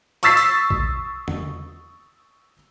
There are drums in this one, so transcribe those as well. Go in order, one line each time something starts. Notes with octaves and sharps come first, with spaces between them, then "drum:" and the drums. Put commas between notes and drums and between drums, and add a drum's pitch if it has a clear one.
C#6 D#6 E6 A6 B6 C7, drum: hi-hat
drum: hi-hat
drum: kick
drum: tom